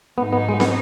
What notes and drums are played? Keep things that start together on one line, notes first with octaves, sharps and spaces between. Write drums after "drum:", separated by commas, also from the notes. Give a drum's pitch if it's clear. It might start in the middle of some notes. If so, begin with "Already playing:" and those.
G#2 F#3 B3 D#4
B3
G#3
B3, drum: snare